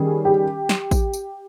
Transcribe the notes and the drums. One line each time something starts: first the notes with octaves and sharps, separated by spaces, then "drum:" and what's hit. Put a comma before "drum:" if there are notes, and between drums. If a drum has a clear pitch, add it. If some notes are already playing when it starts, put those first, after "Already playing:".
Already playing: D#3 G3 C#4 G#4
G4
drum: snare
drum: kick A1, tambourine
drum: tambourine